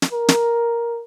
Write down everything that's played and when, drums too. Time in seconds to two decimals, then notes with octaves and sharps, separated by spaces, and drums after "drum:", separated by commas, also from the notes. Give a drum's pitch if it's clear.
0.02 drum: snare
0.12 A#4
0.28 drum: snare